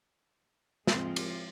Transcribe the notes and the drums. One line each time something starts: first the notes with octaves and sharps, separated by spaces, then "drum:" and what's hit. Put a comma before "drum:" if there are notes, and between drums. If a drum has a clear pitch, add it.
F3 G#3 C4 F4, drum: snare
drum: cymbal